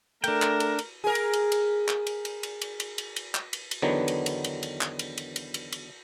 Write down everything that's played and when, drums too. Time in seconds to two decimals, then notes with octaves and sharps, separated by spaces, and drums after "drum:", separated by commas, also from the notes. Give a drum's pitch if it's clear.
0.24 A3 D4 A#4 G5, drum: cymbal
0.42 drum: clap
0.60 drum: cymbal
0.79 drum: cymbal
1.04 G#4 A#4
1.15 drum: cymbal
1.33 drum: cymbal
1.52 drum: cymbal
1.88 drum: clap
2.07 drum: cymbal
2.25 drum: cymbal
2.43 drum: cymbal
2.61 drum: cymbal
2.80 drum: cymbal
2.98 drum: cymbal
3.16 drum: cymbal
3.35 drum: clap
3.53 drum: cymbal
3.71 drum: cymbal
3.82 E2 D3 D#3 F#3 B3
4.08 drum: cymbal
4.26 drum: cymbal
4.44 drum: cymbal
4.63 drum: cymbal
4.81 drum: clap
4.99 drum: cymbal
5.18 drum: cymbal
5.36 drum: cymbal
5.54 drum: cymbal
5.72 drum: cymbal